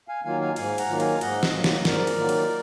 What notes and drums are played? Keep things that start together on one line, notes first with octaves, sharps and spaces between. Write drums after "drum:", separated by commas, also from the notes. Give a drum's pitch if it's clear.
F5 G#5
D#3 F#3 A#3 F4 F5 G#5
F5 G#5
G#2 F5 G#5, drum: cymbal
F#5 A#5, drum: cymbal
D#3 F#3 A#3 F4
F5 G#5, drum: cymbal
G#2 D#5 F#5, drum: cymbal
drum: snare
D#3 F#3 A#3 F4
drum: snare
G#2 A#4 D5, drum: snare
drum: cymbal
D#3 F#3 A#3 F4
drum: cymbal